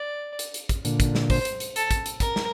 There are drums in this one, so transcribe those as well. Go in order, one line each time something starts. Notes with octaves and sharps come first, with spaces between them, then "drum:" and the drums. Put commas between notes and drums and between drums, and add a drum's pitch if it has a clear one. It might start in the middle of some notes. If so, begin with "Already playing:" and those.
Already playing: D5
drum: hi-hat
drum: hi-hat
drum: kick, hi-hat
A#2 D3, drum: hi-hat
drum: kick, hi-hat
drum: snare
C5, drum: kick, open hi-hat
drum: hi-hat
drum: hi-hat
A4, drum: hi-hat
drum: kick, hi-hat
drum: hi-hat
A#4, drum: kick, hi-hat
drum: snare